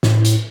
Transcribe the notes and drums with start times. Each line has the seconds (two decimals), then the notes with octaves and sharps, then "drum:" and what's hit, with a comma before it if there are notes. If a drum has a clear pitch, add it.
0.03 A2, drum: snare
0.25 drum: hi-hat